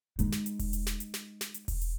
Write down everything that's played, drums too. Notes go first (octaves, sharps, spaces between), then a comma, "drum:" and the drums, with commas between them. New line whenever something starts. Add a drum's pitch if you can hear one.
G#3 D#4, drum: hi-hat
drum: snare
drum: hi-hat
drum: kick E1, open hi-hat
drum: hi-hat
drum: snare
drum: hi-hat
drum: snare
drum: snare
drum: hi-hat
drum: kick E1, open hi-hat
drum: hi-hat